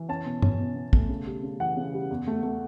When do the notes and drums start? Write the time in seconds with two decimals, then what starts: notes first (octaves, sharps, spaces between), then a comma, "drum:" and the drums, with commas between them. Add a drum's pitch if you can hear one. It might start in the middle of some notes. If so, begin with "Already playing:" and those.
Already playing: E3
0.09 C#4 A5
0.26 B2
0.42 C#4, drum: tom
0.59 B2
0.76 B2
0.93 A3, drum: kick
1.09 C#3
1.26 G3
1.43 C#3
1.60 E3 F#5
1.77 C#3
1.93 G3
2.11 E2
2.27 A3
2.43 A3